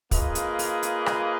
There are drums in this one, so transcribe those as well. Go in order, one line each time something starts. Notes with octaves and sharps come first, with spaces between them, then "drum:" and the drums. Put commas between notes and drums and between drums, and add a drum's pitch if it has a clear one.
A#3 F4 G#4 B4 D#5, drum: kick, open hi-hat
drum: hi-hat
drum: open hi-hat
drum: hi-hat
drum: rim click